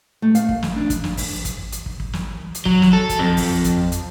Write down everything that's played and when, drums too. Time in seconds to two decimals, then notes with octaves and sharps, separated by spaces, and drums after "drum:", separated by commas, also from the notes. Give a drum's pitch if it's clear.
0.22 A3
0.35 F5, drum: hi-hat
0.49 drum: kick
0.63 drum: snare
0.76 D4
0.90 drum: kick, hi-hat
1.04 drum: snare
1.17 drum: kick, open hi-hat
1.45 drum: kick, hi-hat
1.72 drum: hi-hat
1.86 drum: kick
2.00 drum: kick
2.13 drum: snare
2.55 drum: hi-hat
2.66 F#3, drum: kick
2.82 drum: snare
2.93 A4
3.09 drum: kick, hi-hat
3.19 F2
3.37 drum: kick, open hi-hat
3.64 drum: kick, hi-hat
3.92 drum: hi-hat